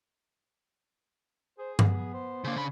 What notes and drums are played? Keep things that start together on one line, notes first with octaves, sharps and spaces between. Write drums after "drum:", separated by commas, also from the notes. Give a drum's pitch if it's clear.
G#4 C5
B3, drum: tom G2
C5
C#3 A#3 D4
C#3 B5